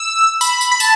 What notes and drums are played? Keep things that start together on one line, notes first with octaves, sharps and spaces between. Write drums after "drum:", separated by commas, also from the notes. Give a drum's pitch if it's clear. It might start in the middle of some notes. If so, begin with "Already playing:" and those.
Already playing: E6
B5, drum: tambourine
drum: tambourine
B5
A5, drum: tambourine